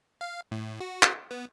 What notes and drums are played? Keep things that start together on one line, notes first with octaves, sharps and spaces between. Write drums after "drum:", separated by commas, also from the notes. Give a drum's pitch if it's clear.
F5
A2
F#4
drum: clap
B3